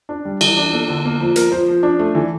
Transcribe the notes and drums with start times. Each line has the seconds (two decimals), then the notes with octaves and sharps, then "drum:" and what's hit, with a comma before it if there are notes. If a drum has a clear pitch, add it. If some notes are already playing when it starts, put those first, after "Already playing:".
0.09 D4
0.25 G3
0.41 E3 G4, drum: cymbal
0.57 D4
0.73 A#3 A4
0.88 D3 A4
1.05 A#3
1.20 F3
1.36 F3 A#4, drum: hi-hat
1.52 F3 C5
1.68 F3
1.83 D4
1.99 A3
2.15 E3